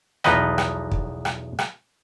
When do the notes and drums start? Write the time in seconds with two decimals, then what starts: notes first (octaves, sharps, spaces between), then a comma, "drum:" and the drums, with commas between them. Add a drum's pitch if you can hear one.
0.24 B1 E2 F3 D#4 B4 D#5, drum: rim click
0.58 drum: rim click
0.91 drum: kick
1.25 drum: rim click
1.59 drum: rim click